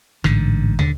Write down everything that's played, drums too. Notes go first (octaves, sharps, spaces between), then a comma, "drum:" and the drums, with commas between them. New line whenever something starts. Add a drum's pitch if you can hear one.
A1 G#2 D3, drum: rim click
D3, drum: tom